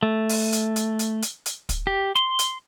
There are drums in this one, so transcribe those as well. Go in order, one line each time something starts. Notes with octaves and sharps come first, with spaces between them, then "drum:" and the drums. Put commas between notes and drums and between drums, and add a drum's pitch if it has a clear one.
A3
drum: open hi-hat
drum: hi-hat
drum: hi-hat
drum: hi-hat
drum: hi-hat
drum: hi-hat
drum: kick, hi-hat
G4
C6, drum: snare
drum: hi-hat